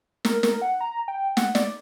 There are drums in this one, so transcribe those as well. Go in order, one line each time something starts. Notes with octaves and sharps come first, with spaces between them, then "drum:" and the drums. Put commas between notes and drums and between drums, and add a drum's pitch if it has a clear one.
A#4, drum: snare
A#4, drum: snare
F#5
A#5
G5
F#5, drum: snare
D5, drum: snare